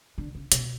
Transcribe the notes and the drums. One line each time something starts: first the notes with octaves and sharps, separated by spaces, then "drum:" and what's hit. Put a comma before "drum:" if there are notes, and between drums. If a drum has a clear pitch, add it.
D3
C#3
B2, drum: hi-hat